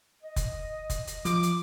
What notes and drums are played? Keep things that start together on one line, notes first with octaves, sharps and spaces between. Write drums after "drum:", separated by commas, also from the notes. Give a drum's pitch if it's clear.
D#5
drum: kick F1, hi-hat
drum: kick F1, hi-hat
drum: hi-hat
F3 D6, drum: hi-hat
drum: hi-hat